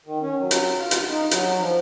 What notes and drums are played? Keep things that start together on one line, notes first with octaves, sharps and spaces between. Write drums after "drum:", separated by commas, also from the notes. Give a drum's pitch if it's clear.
D#3
C#4
F#3
drum: hi-hat
F4
drum: hi-hat
D#4
F#3, drum: hi-hat
F3